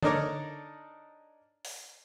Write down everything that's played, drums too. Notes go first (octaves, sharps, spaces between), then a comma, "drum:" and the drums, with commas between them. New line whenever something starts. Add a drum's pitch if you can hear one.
D4 D#4 A4 A#4 C#5 D5, drum: tom D3
drum: open hi-hat